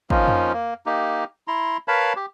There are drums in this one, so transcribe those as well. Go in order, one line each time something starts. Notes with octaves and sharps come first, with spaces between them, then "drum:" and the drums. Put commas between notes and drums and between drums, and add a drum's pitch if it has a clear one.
F3 A#3 C#4 D#4 F4, drum: kick
drum: tom F2
A#3
A#3 D#4 G4
E4 A#5 C6
A#4 B4 C#5 F5 A5 B5
G4